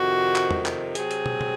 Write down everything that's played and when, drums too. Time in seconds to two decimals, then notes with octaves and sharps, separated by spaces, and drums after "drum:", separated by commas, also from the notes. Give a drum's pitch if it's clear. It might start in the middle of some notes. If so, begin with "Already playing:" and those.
Already playing: F2 C3 D#3 F#4
0.36 drum: clap
0.51 drum: tom
0.66 drum: clap
0.95 C3 F#3 C4 G#4, drum: hi-hat
1.11 drum: hi-hat
1.26 drum: tom
1.41 drum: tom